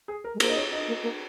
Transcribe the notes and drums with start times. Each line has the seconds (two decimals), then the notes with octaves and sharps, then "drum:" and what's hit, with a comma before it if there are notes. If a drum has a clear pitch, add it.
0.08 G#4
0.24 A#4
0.35 G#3
0.40 A#3 C5, drum: cymbal
0.49 D#5
0.56 C#5
0.73 D#5
0.88 A#3
1.03 A#3